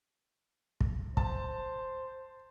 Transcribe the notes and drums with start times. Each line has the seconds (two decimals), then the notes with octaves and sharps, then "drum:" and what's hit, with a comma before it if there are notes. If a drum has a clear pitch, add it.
0.81 drum: kick
1.17 C5 A5, drum: kick